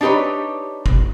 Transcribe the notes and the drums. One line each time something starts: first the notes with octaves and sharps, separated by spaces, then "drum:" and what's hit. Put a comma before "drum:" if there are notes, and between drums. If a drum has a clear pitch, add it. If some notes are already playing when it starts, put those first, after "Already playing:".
D4 D#4 G4 B4 C#5
drum: kick G1